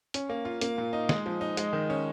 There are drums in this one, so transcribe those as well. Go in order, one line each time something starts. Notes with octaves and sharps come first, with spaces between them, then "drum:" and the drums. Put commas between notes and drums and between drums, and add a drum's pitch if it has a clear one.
C#4, drum: hi-hat
A#3
F4
A#3, drum: hi-hat
A#2
D#4
G#3, drum: snare
F3
D#4
G#3, drum: hi-hat
D#3
C#4